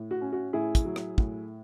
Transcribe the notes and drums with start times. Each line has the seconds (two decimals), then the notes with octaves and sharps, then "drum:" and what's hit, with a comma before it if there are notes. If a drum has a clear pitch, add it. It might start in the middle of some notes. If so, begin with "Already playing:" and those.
Already playing: A2
0.11 F#4
0.21 C#4
0.32 F#4
0.53 A2 E4 G#4
0.75 drum: kick, hi-hat
0.85 F#3
0.96 drum: rim click
1.18 A2, drum: kick